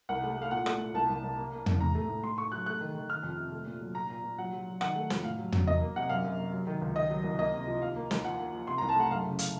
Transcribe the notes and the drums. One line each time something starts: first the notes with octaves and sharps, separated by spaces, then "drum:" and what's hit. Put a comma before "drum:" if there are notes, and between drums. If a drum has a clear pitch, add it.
C2 F#5
A3
A3 F5
A#2 F#5
A3, drum: rim click
A#2
C2 A5
C2
C2
A#3
A#3
C2, drum: tom
A2 A#5
A3
A2
A2 C6
A3 C#6
F#3 F#6
A3 F#6
D#3
D#3
D#3 F6
F2
C3
A3
A#2
F#3
A#2 A#5
A#2
A#2
F#3 F#5
F#3
F#3
D#3 F#5, drum: rim click
A3
F2, drum: snare
A2 F5
F#3
F#3, drum: tom
A#3 D#5
A#3
C3 F#5
F#2 F5
F#2
A#3
F#3
D#3
C#2
D#3 D#5
F#3
C2
A#3 D#5
C3
F3
D#2 F5
A#3
D#2, drum: snare
F3 F#5
A#3
F3
C3 C6
C2 A#5
A5
A3 F#5
F#2 F5
C#3
F5, drum: hi-hat